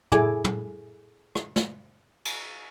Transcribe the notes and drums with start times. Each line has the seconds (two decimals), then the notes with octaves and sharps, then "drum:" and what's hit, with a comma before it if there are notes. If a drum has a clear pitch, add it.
0.12 E4 G#4 A4 G#5 D6, drum: tom
0.44 drum: tom
1.35 drum: rim click
1.56 drum: snare
2.25 drum: cymbal